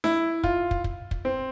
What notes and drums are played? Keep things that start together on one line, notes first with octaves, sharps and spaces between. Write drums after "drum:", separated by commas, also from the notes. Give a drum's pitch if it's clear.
E4, drum: snare D4
F4, drum: kick
drum: kick
drum: kick
drum: kick
C4